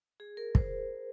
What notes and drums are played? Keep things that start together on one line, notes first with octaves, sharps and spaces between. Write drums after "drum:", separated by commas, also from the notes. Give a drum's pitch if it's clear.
G#4
A#4
C5, drum: kick